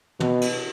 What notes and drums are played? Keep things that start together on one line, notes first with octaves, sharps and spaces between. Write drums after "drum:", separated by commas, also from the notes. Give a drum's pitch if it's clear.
B2, drum: tom
drum: cymbal